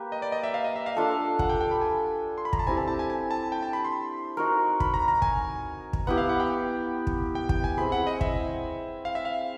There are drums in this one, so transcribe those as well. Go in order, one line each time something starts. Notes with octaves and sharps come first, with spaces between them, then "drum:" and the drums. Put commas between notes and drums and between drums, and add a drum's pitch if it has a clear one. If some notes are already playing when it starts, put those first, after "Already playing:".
Already playing: A#3 G4 B4
D#5
D5
D#5
E5
F5
D#5
E5
F5
D4 F4 A4
F#5, drum: kick
G5
G5
B5
G#5
C6
B5
A#5, drum: kick
A5
C4 E4 G4 G#5
A5
A5
G#5
G#5
A5
G5
A5
B5
C6
D#4 F#4 A#4
B5, drum: kick
A#5
A#5
G#5, drum: kick
drum: kick
B3 E4 G4 F#5
F5
F#5
G5
G5
drum: kick
G5
G5, drum: kick
G#5
C4 E4 G#4 B5
F#5
D#5
E5, drum: kick
F5
E5
F5